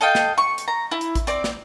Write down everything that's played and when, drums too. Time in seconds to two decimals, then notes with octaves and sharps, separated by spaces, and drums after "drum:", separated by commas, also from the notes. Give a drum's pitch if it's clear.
0.01 A4 D#5 F5 G5
0.15 drum: snare
0.38 C#6
0.58 drum: hi-hat
0.68 A#5
0.91 E4
1.01 drum: hi-hat
1.15 drum: kick A1, hi-hat
1.27 C4 D5, drum: hi-hat
1.44 drum: snare